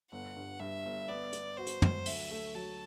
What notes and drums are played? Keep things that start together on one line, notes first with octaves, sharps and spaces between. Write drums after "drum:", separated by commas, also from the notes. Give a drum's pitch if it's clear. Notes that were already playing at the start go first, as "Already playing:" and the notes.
G1 F#5
G2
G2 E5
G1
B3 D5
B3, drum: hi-hat
F#4 C5
drum: hi-hat
F#3, drum: tom
D2 E5, drum: open hi-hat
A3
F#3 A5